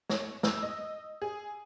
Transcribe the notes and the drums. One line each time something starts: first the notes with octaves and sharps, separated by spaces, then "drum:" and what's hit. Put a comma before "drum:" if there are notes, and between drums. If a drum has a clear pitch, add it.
C#5, drum: snare
E6, drum: snare
D#5
G#4